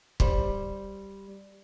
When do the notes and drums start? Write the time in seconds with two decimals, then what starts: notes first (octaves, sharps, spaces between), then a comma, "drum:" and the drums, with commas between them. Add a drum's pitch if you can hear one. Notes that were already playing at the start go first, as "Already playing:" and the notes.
0.20 G3 C5, drum: kick